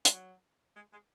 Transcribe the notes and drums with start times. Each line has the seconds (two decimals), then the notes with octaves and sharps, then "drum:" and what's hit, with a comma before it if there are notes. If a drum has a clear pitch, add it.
0.05 G#3, drum: hi-hat
0.13 F#3
0.76 G#3
0.92 G#3